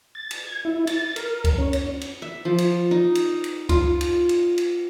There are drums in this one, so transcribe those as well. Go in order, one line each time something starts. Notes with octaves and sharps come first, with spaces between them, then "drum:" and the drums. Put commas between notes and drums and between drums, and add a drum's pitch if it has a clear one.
A6
drum: cymbal
G#6
E4
A6, drum: cymbal
A#4, drum: cymbal
drum: kick C#2, cymbal
C#4
drum: cymbal
drum: cymbal
E5
F3
drum: cymbal
D#4
drum: cymbal
drum: cymbal
F4, drum: kick C#2, cymbal
drum: cymbal
drum: cymbal
drum: cymbal